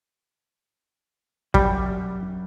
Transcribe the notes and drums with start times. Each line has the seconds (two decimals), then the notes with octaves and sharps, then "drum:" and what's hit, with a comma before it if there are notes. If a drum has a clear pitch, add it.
1.54 F#2 G3, drum: kick